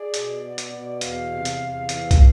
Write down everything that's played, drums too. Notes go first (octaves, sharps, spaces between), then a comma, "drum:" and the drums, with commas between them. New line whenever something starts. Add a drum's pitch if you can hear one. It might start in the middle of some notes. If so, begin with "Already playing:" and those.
Already playing: G#4 D5
B2, drum: hi-hat
B3
drum: hi-hat
B2
E2 F5, drum: hi-hat
C3
drum: hi-hat
E2
E3, drum: hi-hat
drum: kick, hi-hat